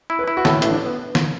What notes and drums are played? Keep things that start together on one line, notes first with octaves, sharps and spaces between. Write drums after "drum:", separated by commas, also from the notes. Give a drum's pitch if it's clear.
E4
B4
E4
F#4
A2 A4, drum: snare
E4
A1, drum: hi-hat
D4
B3
drum: snare